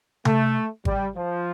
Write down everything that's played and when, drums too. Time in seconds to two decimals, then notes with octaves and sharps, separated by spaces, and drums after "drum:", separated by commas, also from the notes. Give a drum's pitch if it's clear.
0.25 A3, drum: tom C3
0.85 G3, drum: kick G#1
1.15 F3